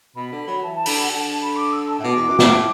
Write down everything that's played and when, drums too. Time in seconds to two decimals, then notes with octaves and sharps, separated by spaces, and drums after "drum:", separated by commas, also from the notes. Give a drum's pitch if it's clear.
0.16 B2 B5
0.32 D3
0.47 F#3
0.63 E3 A5
0.74 A5
0.86 D3 B5, drum: open hi-hat
0.99 F#5
1.10 D3 A5
1.26 A5
1.41 B5
1.56 D6
1.72 E6
1.88 A5
1.99 A2
2.04 B2 D6
2.15 E2
2.27 F#2
2.39 A2, drum: snare
2.51 A2